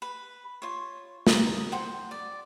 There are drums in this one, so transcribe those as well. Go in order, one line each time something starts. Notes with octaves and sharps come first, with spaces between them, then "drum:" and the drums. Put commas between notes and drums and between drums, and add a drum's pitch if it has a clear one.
B4
F4 C#5
A#5 D#6, drum: snare
C5 F#5 G5
D5